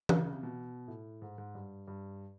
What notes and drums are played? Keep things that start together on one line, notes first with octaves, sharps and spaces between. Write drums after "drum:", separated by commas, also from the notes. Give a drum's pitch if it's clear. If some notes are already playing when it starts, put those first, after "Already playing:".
C#3, drum: tom E3
C#3
C3
B2
A2
G#2
G#2
G2
G2